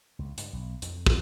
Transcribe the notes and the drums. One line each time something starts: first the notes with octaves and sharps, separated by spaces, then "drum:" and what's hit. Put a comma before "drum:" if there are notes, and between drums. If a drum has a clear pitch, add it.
C#2
G2, drum: hi-hat
B1
F2, drum: hi-hat
drum: kick